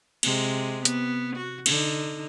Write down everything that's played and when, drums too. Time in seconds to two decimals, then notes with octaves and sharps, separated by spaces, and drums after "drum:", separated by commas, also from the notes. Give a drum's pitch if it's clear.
0.23 C3 G#3, drum: cymbal
0.85 B3, drum: hi-hat
1.37 F#4
1.66 D3 D#4, drum: cymbal